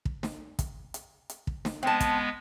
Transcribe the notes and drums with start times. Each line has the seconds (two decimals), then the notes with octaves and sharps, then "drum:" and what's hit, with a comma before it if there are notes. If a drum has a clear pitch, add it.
0.05 drum: kick
0.23 drum: snare
0.59 drum: kick, hi-hat
0.94 drum: hi-hat
1.30 drum: hi-hat
1.47 drum: kick
1.65 drum: snare
1.83 G#3 B3 C4 A5
2.00 drum: kick, hi-hat